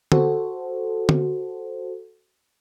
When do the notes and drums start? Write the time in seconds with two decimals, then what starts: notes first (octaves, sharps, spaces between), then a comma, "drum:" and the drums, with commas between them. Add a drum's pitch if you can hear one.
0.12 F#4 A4 C5, drum: tom
1.09 drum: tom